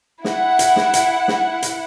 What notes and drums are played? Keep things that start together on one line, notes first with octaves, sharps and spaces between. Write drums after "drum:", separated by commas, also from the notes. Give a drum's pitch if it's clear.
E4 F#5, drum: snare
drum: hi-hat
drum: snare
drum: hi-hat
drum: snare
drum: hi-hat